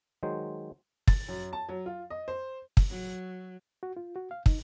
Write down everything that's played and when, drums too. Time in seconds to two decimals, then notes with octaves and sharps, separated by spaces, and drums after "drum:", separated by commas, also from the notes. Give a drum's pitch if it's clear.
0.23 D#3 F#3 G#3 C5
1.08 A6, drum: kick
1.29 F#2
1.53 A5
1.69 F#3
1.86 F4
2.10 D#5
2.28 C5
2.77 drum: kick
2.89 F#3
3.83 F#4
3.97 F4
4.16 F#4
4.31 F5
4.46 D#4, drum: kick